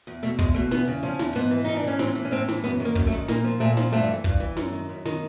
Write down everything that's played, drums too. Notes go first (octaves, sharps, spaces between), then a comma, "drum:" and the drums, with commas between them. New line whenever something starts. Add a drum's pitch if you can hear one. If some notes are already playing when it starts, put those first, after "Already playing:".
E2
B2 A3
E2 G#3, drum: kick
B2 A3
E2 B3, drum: snare
C#3
F3 C#4
E2, drum: snare
G#2 B3
E3
G#2 D#4
D4
E3 C#4
A2 C4, drum: snare
E3
C#4
A2 C4
E3, drum: snare
F#2 B3
D#3
A#3
F#2, drum: kick
A3
D#3
A#2 A#3, drum: snare
F3
A#2 A3
F3, drum: snare
G2 A3
E3
G2, drum: kick
E3
F#2, drum: snare
D#3
F#2
D#3, drum: snare